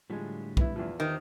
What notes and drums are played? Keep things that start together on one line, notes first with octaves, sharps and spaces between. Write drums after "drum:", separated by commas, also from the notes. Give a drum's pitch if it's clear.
A2 D3 F3 G3 G#3
B3 E4, drum: kick
E2 E3 F3
D#3 G4 C5